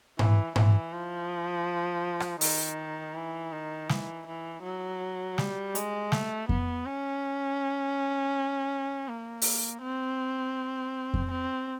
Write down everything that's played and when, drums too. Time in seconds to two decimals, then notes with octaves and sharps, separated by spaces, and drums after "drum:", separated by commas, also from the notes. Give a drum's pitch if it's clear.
0.19 E3, drum: tom G#2
0.56 E3, drum: tom G#2
0.93 F3
2.20 drum: rim click
2.41 D#3, drum: open hi-hat
3.15 E3
3.53 D#3
3.89 E3, drum: snare
4.27 E3
4.63 F#3
5.38 G3, drum: snare
5.75 G#3, drum: hi-hat
6.12 A3, drum: snare
6.49 B3, drum: kick F2
6.86 C#4
9.08 A#3
9.42 drum: open hi-hat
9.82 C4
11.14 drum: kick F2
11.31 C4